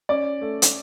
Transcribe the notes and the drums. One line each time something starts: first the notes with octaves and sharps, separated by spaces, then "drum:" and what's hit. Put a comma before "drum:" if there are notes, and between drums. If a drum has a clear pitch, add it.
C#4 D5
A3
drum: hi-hat